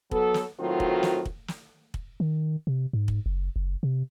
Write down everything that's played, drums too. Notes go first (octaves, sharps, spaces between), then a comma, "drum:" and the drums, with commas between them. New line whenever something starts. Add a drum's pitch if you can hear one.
F#3 B3 A4, drum: kick
drum: snare
A2 D#3 F#3 C4 F4 F#4
drum: kick
drum: snare
drum: kick
drum: snare
drum: kick
D#3
C3
G#2
drum: kick
F#1
F#1
C3